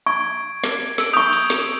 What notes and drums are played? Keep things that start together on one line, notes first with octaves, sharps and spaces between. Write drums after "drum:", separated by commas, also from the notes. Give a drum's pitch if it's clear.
C#6 G#6 D7
drum: snare
E6 D7, drum: snare
C#6 D#6 G6 D7 F7
drum: cymbal
drum: snare